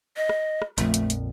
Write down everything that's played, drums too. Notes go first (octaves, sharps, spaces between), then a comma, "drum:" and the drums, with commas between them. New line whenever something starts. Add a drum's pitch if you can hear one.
D#5
drum: rim click
drum: rim click
A#1 F2 A3, drum: hi-hat
drum: hi-hat
drum: hi-hat